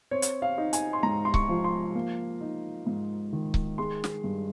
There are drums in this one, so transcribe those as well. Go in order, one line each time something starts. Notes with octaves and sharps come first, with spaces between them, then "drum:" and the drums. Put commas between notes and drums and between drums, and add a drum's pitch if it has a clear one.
C4 C#5
drum: hi-hat
F5
D#4
G#5, drum: hi-hat
C6
G#2 A#5
C6
C#6, drum: kick C#1
F3
C6
A#3
D#4
G#2
D#3
drum: kick C#1
G#3 C6
drum: snare
G2